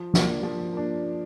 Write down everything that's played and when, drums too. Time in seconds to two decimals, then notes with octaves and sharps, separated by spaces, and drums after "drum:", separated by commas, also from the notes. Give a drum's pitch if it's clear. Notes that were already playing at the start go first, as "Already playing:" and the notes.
Already playing: F3
0.14 A#3 D4, drum: snare
0.43 F3
0.73 A#3 D4